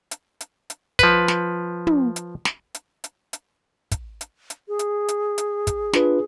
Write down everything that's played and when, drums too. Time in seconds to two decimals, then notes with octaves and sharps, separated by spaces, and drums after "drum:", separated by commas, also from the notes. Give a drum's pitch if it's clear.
0.11 drum: hi-hat
0.41 drum: hi-hat
0.70 drum: hi-hat
0.99 F3 B4, drum: kick, hi-hat
1.28 drum: snare
1.87 drum: tom
2.16 drum: hi-hat
2.45 drum: snare
2.74 drum: hi-hat
3.04 drum: hi-hat
3.33 drum: hi-hat
3.91 drum: kick, hi-hat
4.21 drum: hi-hat
4.50 drum: hi-hat
4.68 G#4
4.79 drum: hi-hat
5.08 drum: hi-hat
5.38 drum: hi-hat
5.67 drum: kick, hi-hat
5.93 D4 F4 B4, drum: snare